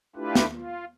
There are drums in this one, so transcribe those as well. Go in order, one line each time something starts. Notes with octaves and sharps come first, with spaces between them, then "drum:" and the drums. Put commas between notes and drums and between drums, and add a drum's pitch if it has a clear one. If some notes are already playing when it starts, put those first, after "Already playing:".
A3 D4 E4 F4 G4 B4
drum: snare
F4